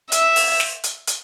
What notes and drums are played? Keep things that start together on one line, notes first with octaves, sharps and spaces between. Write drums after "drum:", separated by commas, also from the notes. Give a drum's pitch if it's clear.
E5, drum: hi-hat
drum: open hi-hat
drum: snare
drum: hi-hat
drum: hi-hat